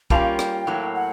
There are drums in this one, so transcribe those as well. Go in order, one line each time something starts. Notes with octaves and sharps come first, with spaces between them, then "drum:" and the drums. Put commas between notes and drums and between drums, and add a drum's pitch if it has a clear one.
G3 A#3 C#4 F4 G5 A5, drum: kick
drum: rim click
A2 F#3 A#3
F#5